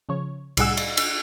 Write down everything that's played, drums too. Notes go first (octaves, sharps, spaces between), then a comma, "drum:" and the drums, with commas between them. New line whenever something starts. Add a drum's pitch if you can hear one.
C#3 F3 C#5
C2 A2 G3 G#4 F#5 E6, drum: cymbal
drum: cymbal
drum: cymbal